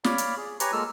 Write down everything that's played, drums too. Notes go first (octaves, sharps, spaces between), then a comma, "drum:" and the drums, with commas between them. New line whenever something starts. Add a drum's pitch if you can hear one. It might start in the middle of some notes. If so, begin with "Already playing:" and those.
C#5 D5 F5 B5, drum: snare
drum: hi-hat
G#4
G4 B4 C#5 G#5 A#5 C#6, drum: hi-hat
G#3 A#3 F4 A4 E6 F6